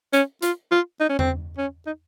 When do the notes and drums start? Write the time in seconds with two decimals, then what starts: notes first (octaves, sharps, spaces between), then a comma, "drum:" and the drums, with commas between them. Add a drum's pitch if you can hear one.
0.13 C#4, drum: hi-hat
0.42 F4, drum: hi-hat
0.72 F4
1.00 D#4
1.09 C#4
1.19 C4, drum: tom E2
1.58 C#4
1.87 D#4